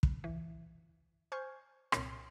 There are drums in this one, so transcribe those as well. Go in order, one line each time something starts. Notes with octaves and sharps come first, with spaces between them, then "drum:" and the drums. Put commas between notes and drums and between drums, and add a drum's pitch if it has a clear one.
drum: kick
E3
C5 G#5 C#6 F6 G6 G#6
C2 A#2 C#5, drum: rim click